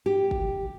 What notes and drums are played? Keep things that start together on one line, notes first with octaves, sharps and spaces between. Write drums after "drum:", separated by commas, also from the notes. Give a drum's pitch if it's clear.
G4
drum: kick